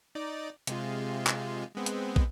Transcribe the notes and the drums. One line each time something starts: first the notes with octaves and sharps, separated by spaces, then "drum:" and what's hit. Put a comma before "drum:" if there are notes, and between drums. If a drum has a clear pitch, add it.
D#4 D5
C3 G#3 F4, drum: hi-hat
drum: clap
G#3 B3 C4
drum: hi-hat
drum: kick